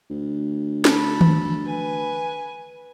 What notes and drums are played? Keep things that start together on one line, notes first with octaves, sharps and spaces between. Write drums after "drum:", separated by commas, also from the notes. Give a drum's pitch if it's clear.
D2
A4 B5, drum: snare
drum: tom D#3
B4 G#5